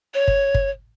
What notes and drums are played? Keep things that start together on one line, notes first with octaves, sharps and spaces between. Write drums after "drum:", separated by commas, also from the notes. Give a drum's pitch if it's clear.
C#5
drum: kick
drum: kick